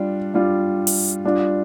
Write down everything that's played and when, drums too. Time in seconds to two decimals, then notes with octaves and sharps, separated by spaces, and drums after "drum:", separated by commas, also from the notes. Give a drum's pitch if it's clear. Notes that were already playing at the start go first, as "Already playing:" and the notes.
Already playing: G3 D4 F4
0.34 G3 D4 F4
0.87 drum: open hi-hat
1.24 G3 D4 F4